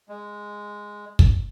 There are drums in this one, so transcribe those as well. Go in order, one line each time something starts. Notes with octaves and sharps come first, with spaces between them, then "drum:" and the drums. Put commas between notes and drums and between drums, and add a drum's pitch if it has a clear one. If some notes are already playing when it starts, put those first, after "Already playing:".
G#3
drum: kick